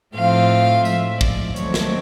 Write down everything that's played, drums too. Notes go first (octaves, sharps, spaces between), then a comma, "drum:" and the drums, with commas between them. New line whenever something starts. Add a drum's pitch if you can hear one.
A2 F3 A3 C4 F4 F5
A2 F3 G#3 E5, drum: tambourine
D5, drum: kick
D#3 F#3 A3 C4 C#5, drum: hi-hat
drum: snare